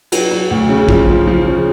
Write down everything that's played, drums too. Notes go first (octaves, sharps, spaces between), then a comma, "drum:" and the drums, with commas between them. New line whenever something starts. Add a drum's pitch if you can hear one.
F#3, drum: cymbal
F#3
D2
C#3
F3, drum: kick A#1
F3
F3
C#3